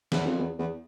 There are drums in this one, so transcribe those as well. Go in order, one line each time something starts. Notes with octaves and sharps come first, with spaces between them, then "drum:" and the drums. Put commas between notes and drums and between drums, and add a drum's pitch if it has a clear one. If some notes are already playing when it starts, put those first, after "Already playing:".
E2, drum: snare
F2
E2
E2